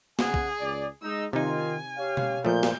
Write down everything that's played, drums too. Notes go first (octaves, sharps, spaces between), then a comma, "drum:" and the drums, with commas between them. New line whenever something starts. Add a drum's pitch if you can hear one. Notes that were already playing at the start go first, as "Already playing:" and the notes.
C#3 G#4 F#5 G#5, drum: snare
drum: kick
C#2 D5
G#3 D#4 E6
C3 D#3 D#4 F4 G#5
G4 C#5 F5
drum: tom B2
A#2 F3 A3 G6
drum: snare